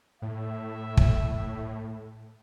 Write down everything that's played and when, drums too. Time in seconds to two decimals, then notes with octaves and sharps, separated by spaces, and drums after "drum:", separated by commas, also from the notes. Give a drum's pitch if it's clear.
0.22 A2 E5
0.97 drum: kick